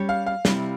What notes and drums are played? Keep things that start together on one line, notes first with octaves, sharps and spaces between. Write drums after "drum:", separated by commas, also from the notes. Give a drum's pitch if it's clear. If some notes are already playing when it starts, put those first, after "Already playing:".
Already playing: G3 C#4 G4 C#5
F5
F5
C3 G3 C4 E4, drum: snare